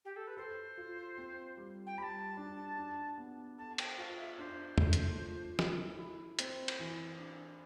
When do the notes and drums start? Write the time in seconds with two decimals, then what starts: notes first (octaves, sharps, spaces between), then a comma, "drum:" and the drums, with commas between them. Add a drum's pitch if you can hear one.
0.04 G4
0.16 A4
0.27 B4
0.37 A4 C5
0.77 F4
1.18 C4
1.57 G3
1.86 G5
1.97 G3 A5 B5
2.37 D4
2.77 D4
3.18 B3
3.58 A4 A5
3.78 G5, drum: cymbal
3.98 F4 F5
4.17 E5
4.38 D4 C5
4.78 A3, drum: tom E2
4.93 drum: hi-hat
5.19 F3
5.59 E4, drum: snare
5.99 E4
6.39 C4, drum: hi-hat
6.68 drum: cymbal
6.79 E3
7.19 D4